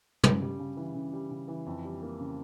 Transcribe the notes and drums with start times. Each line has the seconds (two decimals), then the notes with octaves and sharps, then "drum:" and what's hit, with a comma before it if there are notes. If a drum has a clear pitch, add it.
0.24 C#3, drum: tom
0.42 G3
0.59 C#3
0.77 E3
0.94 C#3
1.13 G3
1.31 C#3
1.48 E3
1.66 F2
1.84 G3
2.02 A#3
2.19 C#3